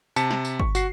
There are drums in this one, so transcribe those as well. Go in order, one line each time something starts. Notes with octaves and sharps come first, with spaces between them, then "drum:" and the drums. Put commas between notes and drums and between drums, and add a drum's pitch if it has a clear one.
C3 A5 B6 C#7, drum: tambourine
drum: snare
drum: tambourine
C#6, drum: kick
F#4 C7, drum: tambourine